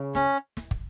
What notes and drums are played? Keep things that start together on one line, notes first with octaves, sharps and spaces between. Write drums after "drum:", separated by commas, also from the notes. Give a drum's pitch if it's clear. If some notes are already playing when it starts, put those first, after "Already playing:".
Already playing: C#3
C#4, drum: snare
drum: snare
drum: kick